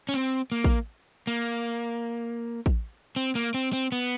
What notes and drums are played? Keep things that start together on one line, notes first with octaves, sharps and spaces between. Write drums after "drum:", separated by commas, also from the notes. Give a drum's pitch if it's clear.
C#4
C4
A#3
drum: kick A1
A#3
drum: kick A1
C4
A#3
C4
C4
B3